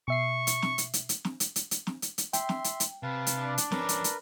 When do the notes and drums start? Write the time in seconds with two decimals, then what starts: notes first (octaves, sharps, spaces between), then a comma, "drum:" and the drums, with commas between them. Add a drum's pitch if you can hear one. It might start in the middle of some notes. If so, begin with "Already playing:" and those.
0.08 B2 E5 C#6 C7
0.47 drum: hi-hat
0.62 drum: snare
0.78 drum: hi-hat
0.93 drum: hi-hat
1.09 drum: hi-hat
1.25 drum: snare
1.40 drum: hi-hat
1.56 drum: hi-hat
1.71 drum: hi-hat
1.87 drum: snare
2.02 drum: hi-hat
2.18 drum: hi-hat
2.33 E5 G5 C6, drum: hi-hat
2.49 drum: snare
2.64 drum: hi-hat
2.80 drum: hi-hat
3.03 C3 B4 F5 A5
3.27 drum: hi-hat
3.37 D4
3.58 drum: hi-hat
3.72 F3 C#4 A#4 B4, drum: snare
3.89 drum: hi-hat
4.04 drum: hi-hat